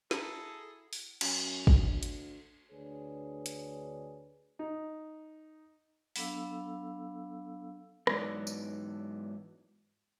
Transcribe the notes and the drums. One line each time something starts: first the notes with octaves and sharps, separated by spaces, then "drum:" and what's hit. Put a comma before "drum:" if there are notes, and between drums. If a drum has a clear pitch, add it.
E4 F#4 G#4 A4 A#5, drum: snare
drum: open hi-hat
F#2, drum: cymbal
drum: kick
D2
drum: hi-hat
D2 D4 G#4 B4 C#5
drum: hi-hat
D#4
F#3 B3 D4 A4 F5 E6, drum: open hi-hat
G#2 E3 F#3 B3 D#4 D5, drum: rim click
drum: tambourine